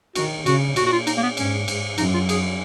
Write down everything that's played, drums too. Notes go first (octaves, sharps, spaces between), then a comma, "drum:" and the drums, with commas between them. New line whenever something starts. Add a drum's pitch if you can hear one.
D#3 F#4, drum: cymbal
C#3 F#4, drum: cymbal
A#2 F#4, drum: cymbal
F#4
F4
D#4, drum: cymbal
A#3
B3
G#2 C#4, drum: cymbal
G#2, drum: cymbal
F#2 D#4, drum: cymbal
F4
G#4, drum: cymbal